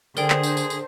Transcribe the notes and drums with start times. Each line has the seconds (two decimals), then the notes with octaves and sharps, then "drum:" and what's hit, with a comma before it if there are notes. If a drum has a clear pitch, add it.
0.17 D3 G#4 A#4 C5 D5 G5, drum: tambourine
0.30 drum: clap
0.43 drum: tambourine
0.57 drum: tambourine
0.70 drum: tambourine